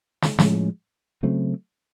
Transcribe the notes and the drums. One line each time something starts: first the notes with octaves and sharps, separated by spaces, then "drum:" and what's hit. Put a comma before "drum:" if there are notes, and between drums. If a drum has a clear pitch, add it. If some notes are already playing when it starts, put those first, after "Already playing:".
drum: snare
A2 F3 G#3 C#4, drum: snare
C#3 F#3 A3 C4